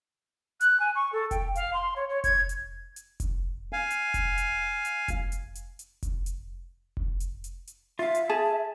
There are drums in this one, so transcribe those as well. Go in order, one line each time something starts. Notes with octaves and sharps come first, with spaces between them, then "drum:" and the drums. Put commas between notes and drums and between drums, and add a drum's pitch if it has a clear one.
F#6, drum: hi-hat
G#5
C#6
A4
G5, drum: kick F1, hi-hat
F5, drum: hi-hat
C6
C#5
C#5
G#6, drum: kick F1, hi-hat
drum: hi-hat
drum: hi-hat
drum: kick F1, hi-hat
F5 G#5
drum: hi-hat
drum: kick F1, hi-hat
drum: hi-hat
drum: hi-hat
drum: kick F1, hi-hat
drum: hi-hat
drum: hi-hat
drum: hi-hat
drum: kick F1, hi-hat
drum: hi-hat
drum: kick F1
drum: hi-hat
drum: hi-hat
drum: hi-hat
F4 E5 F5
drum: hi-hat
G#4 A5